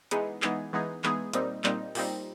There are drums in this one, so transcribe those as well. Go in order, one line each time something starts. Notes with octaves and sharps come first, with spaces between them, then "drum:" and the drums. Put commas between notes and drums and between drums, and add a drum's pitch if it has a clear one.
E3 G#3 B3 D#4 G#4, drum: hi-hat
E3 G#3 B3 D#4 G#4, drum: clap
E3 G#3 B3 D#4 G#4
E3 G#3 B3 D#4 G#4, drum: clap
A#2 G3 C4 D#4, drum: hi-hat
A#2 G3 C4 D#4, drum: clap
A#2 G3 C4 D#4, drum: open hi-hat